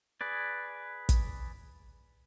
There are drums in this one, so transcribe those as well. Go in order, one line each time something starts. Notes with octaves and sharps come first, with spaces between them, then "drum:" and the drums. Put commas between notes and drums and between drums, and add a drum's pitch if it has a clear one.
G#4 B4 D5
drum: kick, hi-hat